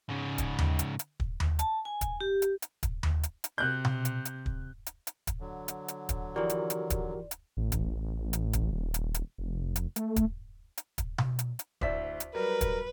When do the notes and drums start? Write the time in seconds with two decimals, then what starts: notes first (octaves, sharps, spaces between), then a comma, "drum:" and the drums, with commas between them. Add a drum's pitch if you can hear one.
0.09 G#2 C#3
0.38 drum: kick, hi-hat
0.58 drum: tom D#2
0.79 drum: hi-hat
0.99 drum: hi-hat
1.20 drum: kick
1.40 drum: tom D#2
1.59 A5, drum: hi-hat
1.85 G#5
2.01 drum: kick, hi-hat
2.21 G4
2.42 drum: hi-hat
2.62 drum: hi-hat
2.83 drum: kick, hi-hat
3.03 drum: tom D#2
3.23 drum: hi-hat
3.44 drum: hi-hat
3.58 C3 F#6 G6
3.85 drum: tom B2
4.05 drum: hi-hat
4.25 drum: hi-hat
4.46 drum: kick
4.86 drum: hi-hat
5.07 drum: hi-hat
5.27 drum: kick, hi-hat
5.40 D3 F#3
5.68 drum: hi-hat
5.88 drum: hi-hat
6.09 drum: kick, hi-hat
6.36 E3 F3 F#4 G4 A#4 D5
6.50 drum: hi-hat
6.70 drum: hi-hat
6.90 drum: kick, hi-hat
7.31 drum: hi-hat
7.57 A1
7.72 drum: kick, hi-hat
8.33 drum: hi-hat
8.53 drum: kick, hi-hat
8.72 D#1
8.94 drum: hi-hat
9.14 drum: hi-hat
9.38 F1
9.76 drum: hi-hat
9.96 A3, drum: hi-hat
10.16 drum: kick, hi-hat
10.78 drum: hi-hat
10.98 drum: kick, hi-hat
11.18 drum: tom B2
11.39 drum: hi-hat
11.59 drum: hi-hat
11.81 D2 E4 C5 D5 E5 B6, drum: kick
12.20 drum: hi-hat
12.35 F#3 G3 A#4 B4
12.61 drum: kick, hi-hat